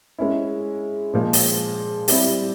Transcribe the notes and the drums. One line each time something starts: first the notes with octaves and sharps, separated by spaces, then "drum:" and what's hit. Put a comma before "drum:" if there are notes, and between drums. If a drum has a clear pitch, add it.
G#3 C#4 E4
A#2 F3 G#3
drum: open hi-hat
G3 C4 E4 G4, drum: open hi-hat